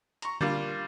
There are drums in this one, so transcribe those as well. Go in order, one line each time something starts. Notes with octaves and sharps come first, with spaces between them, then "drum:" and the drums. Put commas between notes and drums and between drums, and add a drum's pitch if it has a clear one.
A#5 C#6, drum: hi-hat
G3 A#3 D4 F4, drum: tom D3